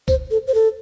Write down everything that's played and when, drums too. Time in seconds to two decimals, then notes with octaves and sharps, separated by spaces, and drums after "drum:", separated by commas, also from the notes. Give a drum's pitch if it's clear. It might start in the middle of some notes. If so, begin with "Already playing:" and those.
0.08 C5, drum: kick, tambourine
0.31 A4
0.47 C5
0.54 A4